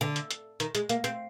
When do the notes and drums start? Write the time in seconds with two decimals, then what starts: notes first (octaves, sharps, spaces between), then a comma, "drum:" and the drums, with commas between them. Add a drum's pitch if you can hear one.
0.01 D3
0.16 drum: hi-hat
0.31 drum: hi-hat
0.60 D#3, drum: hi-hat
0.75 G#3, drum: hi-hat
0.89 A#3, drum: hi-hat
1.04 C4, drum: hi-hat